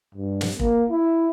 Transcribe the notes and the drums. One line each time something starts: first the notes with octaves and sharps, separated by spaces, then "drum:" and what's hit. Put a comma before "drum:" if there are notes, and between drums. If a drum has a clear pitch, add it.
G2
drum: snare
A#3, drum: kick
E4